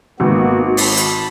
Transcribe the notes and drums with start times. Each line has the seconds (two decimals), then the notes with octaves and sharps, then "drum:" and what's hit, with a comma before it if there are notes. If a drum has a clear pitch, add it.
0.20 G#1 A#3 B3 F#4
0.77 A5 B5, drum: open hi-hat
0.97 drum: hi-hat